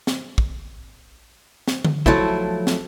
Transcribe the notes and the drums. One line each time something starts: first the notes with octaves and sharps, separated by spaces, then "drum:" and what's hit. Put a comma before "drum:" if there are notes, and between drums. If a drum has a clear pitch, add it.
drum: snare
drum: kick
drum: snare
drum: tom D3
F3 F#3 A3 E4, drum: kick
drum: snare